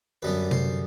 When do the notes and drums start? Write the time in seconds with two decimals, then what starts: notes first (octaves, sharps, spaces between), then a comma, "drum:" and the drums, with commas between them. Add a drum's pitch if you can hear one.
0.22 F#2 D3 G3 B3 B4
0.51 C5, drum: tom C3